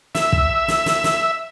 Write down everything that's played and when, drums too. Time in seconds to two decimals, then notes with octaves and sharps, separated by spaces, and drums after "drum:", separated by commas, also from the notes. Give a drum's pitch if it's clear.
0.15 E5, drum: snare
0.33 drum: kick
0.68 drum: snare
0.86 drum: snare
1.04 drum: snare